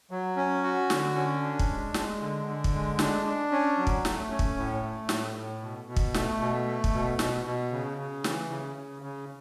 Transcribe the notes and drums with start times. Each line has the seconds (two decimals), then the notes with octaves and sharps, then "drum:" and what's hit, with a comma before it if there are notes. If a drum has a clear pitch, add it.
0.11 F#3
0.36 C#4
0.63 F#4
0.90 D3, drum: snare
1.15 C#4
1.42 D4
1.59 drum: kick
1.68 G#3
1.94 G#3, drum: snare
2.20 D3
2.47 D3
2.64 drum: kick
2.74 G#3
2.99 D4, drum: snare
3.26 D4
3.52 C#4
3.77 F#3
3.87 drum: kick
4.05 A3, drum: snare
4.30 C#4
4.39 drum: kick
4.56 A2
4.83 A3
5.09 A2, drum: snare
5.35 A2
5.61 B2
5.87 B2
5.96 drum: kick
6.14 A3, drum: snare
6.40 B2
6.66 A3
6.84 drum: kick
6.93 B2
7.19 B2, drum: snare
7.45 B2
7.71 C#3
7.98 C#3
8.24 E3, drum: snare
8.50 C#3
8.76 C#3
9.02 C#3